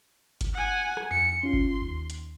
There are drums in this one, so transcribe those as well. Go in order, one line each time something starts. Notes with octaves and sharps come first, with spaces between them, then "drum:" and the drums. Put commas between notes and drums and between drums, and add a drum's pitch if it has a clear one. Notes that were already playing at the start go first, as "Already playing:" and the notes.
drum: kick G1, hi-hat
F#5 G#5
drum: rim click
F2 C#7
C#4 F4 C6 C7
drum: kick G1
D#2
drum: hi-hat